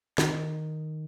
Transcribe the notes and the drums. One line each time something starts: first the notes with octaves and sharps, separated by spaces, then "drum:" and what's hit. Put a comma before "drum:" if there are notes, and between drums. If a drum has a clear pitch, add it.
D#3, drum: snare